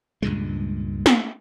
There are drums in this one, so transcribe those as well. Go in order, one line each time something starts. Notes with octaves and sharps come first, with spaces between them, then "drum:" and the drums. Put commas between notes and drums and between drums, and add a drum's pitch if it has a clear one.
C#2 G2 A#2 G#3
drum: snare